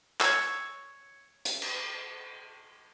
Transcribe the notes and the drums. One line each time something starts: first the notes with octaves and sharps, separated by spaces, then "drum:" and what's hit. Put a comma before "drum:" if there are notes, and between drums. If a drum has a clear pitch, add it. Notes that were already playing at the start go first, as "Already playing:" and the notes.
C#5 E6, drum: clap
drum: hi-hat
drum: cymbal